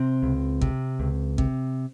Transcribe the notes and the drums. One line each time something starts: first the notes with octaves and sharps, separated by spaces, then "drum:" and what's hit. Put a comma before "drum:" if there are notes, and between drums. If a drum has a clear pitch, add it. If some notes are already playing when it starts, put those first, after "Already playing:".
Already playing: C3 C4
C#2
C3, drum: kick
C#2
C3, drum: kick